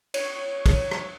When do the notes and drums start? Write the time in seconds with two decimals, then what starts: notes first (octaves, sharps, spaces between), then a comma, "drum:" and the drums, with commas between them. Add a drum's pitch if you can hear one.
0.14 C#5, drum: cymbal
0.66 drum: kick, cymbal
0.91 drum: rim click